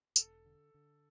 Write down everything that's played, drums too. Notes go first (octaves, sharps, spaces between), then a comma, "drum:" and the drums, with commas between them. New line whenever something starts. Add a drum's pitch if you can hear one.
E1 A4, drum: tambourine
D3
D3